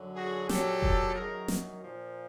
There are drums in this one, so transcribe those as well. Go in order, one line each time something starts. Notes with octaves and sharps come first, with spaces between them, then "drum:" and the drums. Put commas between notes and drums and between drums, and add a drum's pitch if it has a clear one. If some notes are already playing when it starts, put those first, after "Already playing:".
Already playing: F#2 D3 F#3
F#4 G#4
A#2 F#3 G4 A4, drum: snare
drum: kick F1
F#2 D#3 F#3 G#4 A#4
drum: snare
A#2 F3